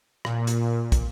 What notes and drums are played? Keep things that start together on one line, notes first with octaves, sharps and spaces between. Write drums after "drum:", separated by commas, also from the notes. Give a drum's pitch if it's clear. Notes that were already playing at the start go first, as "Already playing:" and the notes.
A#2, drum: rim click
drum: hi-hat
drum: kick, hi-hat